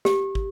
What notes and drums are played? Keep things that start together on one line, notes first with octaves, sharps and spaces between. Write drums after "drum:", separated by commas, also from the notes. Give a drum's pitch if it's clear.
G4, drum: snare
drum: kick